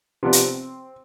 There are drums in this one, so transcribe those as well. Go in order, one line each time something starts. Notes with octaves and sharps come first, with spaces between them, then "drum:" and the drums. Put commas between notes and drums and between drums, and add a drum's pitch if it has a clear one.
C3 F3 B3 D5
drum: hi-hat
C4